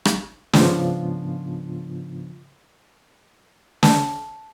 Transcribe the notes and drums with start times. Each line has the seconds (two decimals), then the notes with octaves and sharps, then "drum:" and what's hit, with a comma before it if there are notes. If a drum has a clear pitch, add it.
0.05 drum: rim click
0.53 G#2 C#3 F3 B3 D4 F4, drum: snare
3.83 A5, drum: snare